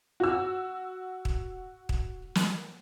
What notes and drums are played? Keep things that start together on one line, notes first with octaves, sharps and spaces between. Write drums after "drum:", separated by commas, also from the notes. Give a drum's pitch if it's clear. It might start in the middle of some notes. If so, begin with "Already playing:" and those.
F#4 E6
drum: kick
drum: kick
drum: snare